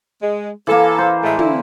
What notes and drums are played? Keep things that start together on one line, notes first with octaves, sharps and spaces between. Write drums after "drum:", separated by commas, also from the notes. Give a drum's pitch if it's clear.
G#3
E3 A#3 A4
C5
A2 G#3 A3
D3 E4, drum: tom